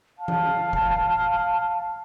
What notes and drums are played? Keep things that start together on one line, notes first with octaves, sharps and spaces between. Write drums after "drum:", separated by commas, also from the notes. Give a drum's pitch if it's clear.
F5 A5
drum: tom E3
drum: kick